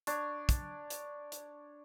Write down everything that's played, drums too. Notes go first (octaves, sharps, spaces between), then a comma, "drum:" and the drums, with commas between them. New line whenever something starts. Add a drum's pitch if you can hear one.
D4 C#5, drum: hi-hat
drum: kick, hi-hat
drum: hi-hat
drum: hi-hat